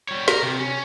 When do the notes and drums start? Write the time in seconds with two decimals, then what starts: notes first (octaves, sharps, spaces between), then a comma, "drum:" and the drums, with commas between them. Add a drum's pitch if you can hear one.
0.09 G3 C#5
0.28 A#4, drum: snare
0.42 C3
0.59 C#4